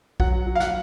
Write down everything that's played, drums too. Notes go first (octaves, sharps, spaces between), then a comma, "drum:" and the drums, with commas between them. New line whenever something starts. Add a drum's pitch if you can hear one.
F#3 F#5, drum: kick A#1
F#3
F5
F#5, drum: snare